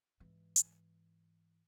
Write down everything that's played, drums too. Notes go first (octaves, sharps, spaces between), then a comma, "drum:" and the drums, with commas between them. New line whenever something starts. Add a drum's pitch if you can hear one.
G#2 E3
drum: hi-hat